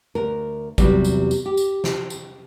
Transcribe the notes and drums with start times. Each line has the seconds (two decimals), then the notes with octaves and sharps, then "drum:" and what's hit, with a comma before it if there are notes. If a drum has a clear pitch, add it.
0.15 D2 A#4
0.78 E2 C3 F#3 G3, drum: kick G#1, tambourine
1.04 drum: tambourine
1.31 drum: tambourine
1.46 G4
1.57 drum: tambourine
1.84 drum: snare
2.10 drum: tambourine